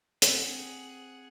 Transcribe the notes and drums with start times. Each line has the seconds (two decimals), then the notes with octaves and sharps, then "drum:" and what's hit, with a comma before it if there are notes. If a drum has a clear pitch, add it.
0.22 C4 G#4 F#5, drum: hi-hat